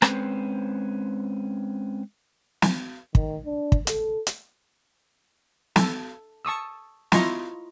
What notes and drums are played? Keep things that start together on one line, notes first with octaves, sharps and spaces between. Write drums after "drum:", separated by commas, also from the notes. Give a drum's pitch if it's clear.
G#3 C4 C#4 B4 C5, drum: rim click
drum: snare
D#3, drum: kick
D4
drum: kick
A4, drum: hi-hat
drum: hi-hat
A4, drum: snare
A5 C#6 D#6 E6
E4 F4 D#5 A#5 C6 C#6, drum: snare